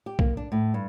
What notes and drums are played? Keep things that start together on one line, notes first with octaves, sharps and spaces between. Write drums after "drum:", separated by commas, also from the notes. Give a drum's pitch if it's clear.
G4
A#3, drum: kick
D4
A2
G2